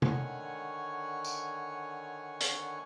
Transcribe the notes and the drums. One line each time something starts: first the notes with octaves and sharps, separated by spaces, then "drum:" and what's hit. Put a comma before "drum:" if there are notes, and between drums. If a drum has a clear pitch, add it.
D3 D#3 C#5 F#5 G#5 C#6, drum: tom C3
drum: tambourine
drum: hi-hat